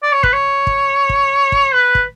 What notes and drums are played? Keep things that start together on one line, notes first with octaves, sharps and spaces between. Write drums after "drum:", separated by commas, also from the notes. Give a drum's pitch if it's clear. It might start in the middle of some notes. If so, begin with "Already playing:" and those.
D5
C#5
B4, drum: kick
C#5
drum: kick
drum: kick
drum: kick
B4
drum: kick